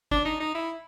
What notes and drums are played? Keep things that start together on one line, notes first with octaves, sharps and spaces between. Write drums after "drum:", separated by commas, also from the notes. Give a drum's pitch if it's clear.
D4, drum: kick G1
D#4
D#4
E4